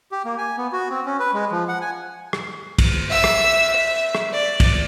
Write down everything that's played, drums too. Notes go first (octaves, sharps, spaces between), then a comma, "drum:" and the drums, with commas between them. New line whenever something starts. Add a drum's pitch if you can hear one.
G4
A#3
G#5
B3
F#4
C4
C#4
B4
G#3
F3
F#5
G#5
drum: rim click
drum: kick, cymbal
E5 E6
drum: rim click
E5
drum: rim click
D5
drum: kick, cymbal